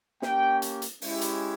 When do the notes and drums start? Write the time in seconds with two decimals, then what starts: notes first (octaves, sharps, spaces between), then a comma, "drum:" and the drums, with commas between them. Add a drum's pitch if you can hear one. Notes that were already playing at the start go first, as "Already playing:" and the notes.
0.22 A#3 C#4 G4 G5, drum: snare
0.62 drum: hi-hat
0.82 drum: hi-hat
1.02 G#3 C#4 E4 G4, drum: open hi-hat
1.21 drum: hi-hat